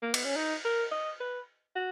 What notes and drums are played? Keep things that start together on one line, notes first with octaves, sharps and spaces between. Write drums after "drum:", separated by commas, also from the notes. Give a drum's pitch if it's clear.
A#3
B3, drum: cymbal
C#4
D#4
A#4
D#5
B4
F#4